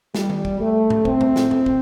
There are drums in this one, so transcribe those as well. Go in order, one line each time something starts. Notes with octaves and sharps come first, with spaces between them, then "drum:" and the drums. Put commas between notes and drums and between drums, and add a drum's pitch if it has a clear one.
G3, drum: snare
drum: tom
drum: kick
A3
drum: tom A2
C4, drum: kick
drum: tom
drum: snare
drum: tom
drum: kick